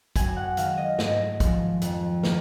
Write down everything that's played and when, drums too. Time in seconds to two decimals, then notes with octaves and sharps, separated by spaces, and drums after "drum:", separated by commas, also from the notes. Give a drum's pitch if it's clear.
0.16 F#2 G#5, drum: kick, hi-hat
0.36 F#5
0.57 D#3 G#3 F5, drum: hi-hat
0.77 D#5
0.99 G#2 D#5, drum: snare
1.40 F3 G#3, drum: kick, hi-hat
1.82 F2, drum: hi-hat
2.23 D#3 A#3, drum: snare